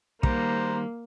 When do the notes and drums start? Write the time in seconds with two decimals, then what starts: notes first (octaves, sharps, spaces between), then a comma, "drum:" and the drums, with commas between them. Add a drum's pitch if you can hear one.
0.23 D#3 G3 A#3 C5 A#5, drum: kick